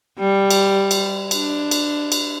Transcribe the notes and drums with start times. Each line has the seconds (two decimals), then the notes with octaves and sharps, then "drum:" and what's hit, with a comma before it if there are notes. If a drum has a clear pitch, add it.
0.19 G3
0.51 drum: cymbal
0.91 drum: cymbal
1.31 D4, drum: cymbal
1.71 drum: cymbal
2.12 drum: cymbal